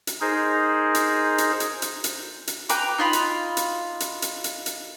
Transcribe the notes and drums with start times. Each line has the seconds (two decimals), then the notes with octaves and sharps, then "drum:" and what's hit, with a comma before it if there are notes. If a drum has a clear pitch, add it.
0.07 drum: hi-hat
0.21 D#4 G#4 A#4 C5
0.95 drum: hi-hat
1.38 drum: hi-hat
1.60 drum: hi-hat
1.82 drum: hi-hat
2.04 drum: hi-hat
2.47 drum: hi-hat
2.69 B4 G5 A#5 D6, drum: hi-hat
2.98 D#4 F4 B5
3.13 drum: hi-hat
3.57 drum: hi-hat
4.00 drum: hi-hat
4.22 drum: hi-hat
4.44 drum: hi-hat
4.66 drum: hi-hat